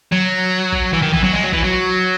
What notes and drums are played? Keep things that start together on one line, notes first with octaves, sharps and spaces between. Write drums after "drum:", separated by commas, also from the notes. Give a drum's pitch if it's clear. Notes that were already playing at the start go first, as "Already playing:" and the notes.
F#3
drum: kick
E3
D#3
E3, drum: kick
F#3
G#3
F#3
E3, drum: kick
F#3